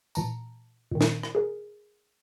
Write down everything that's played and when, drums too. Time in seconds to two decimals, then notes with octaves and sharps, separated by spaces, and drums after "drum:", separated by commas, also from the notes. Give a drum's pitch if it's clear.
0.15 A#2 E3 A5 A#5, drum: tambourine
0.91 A#2 D#3
1.01 drum: snare
1.23 drum: rim click
1.35 G#4 A#4